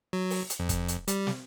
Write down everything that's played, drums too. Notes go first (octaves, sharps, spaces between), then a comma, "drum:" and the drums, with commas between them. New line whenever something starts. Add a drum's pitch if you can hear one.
F#3
drum: open hi-hat
drum: hi-hat
F2
drum: kick, hi-hat
drum: hi-hat
G3, drum: hi-hat
drum: snare